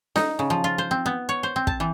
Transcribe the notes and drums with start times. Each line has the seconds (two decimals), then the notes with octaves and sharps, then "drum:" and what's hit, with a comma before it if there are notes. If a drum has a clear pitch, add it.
0.16 D#4, drum: snare
0.39 C#3
0.50 F3
0.64 F4
0.78 C5
0.91 C4
1.06 B3
1.29 C#5
1.43 C5
1.56 C4
1.67 A5, drum: kick
1.80 E3